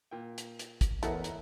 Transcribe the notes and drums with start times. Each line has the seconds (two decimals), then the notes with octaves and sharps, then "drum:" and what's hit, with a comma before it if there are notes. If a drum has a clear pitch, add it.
0.11 A#2 G5
0.38 drum: hi-hat
0.59 drum: hi-hat
0.81 drum: kick, hi-hat
1.03 E2 A3 E4 A#4 C#5 D#5 F#5, drum: hi-hat
1.24 drum: hi-hat